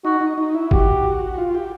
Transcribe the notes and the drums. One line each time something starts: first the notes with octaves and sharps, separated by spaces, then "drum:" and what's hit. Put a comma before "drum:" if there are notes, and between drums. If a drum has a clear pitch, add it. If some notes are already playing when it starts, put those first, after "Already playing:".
D#4 F#4
D#4
D#4
E4
F#4 G4, drum: kick G#1
F4
G4